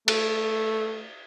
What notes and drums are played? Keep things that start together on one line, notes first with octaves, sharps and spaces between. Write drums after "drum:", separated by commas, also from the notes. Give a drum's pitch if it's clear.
A3, drum: cymbal